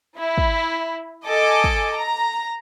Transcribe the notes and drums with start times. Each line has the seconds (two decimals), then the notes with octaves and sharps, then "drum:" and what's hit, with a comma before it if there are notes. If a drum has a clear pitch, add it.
0.17 E4
0.38 drum: kick
1.27 A4 D#5 G#5 D6
1.64 drum: kick
1.96 A#5